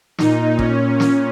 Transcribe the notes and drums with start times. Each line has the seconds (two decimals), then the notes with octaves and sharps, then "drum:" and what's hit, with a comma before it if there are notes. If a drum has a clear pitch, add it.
0.18 A#2 D#4, drum: snare
0.59 C#4, drum: kick
1.00 drum: snare